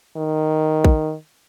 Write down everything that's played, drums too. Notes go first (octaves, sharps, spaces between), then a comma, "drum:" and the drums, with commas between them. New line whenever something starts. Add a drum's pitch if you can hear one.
D#3
drum: kick